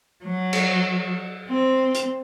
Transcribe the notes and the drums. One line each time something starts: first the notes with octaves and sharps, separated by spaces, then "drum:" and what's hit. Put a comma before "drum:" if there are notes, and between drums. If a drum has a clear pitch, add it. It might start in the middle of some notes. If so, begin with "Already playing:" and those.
F#3
drum: cymbal
C4
drum: hi-hat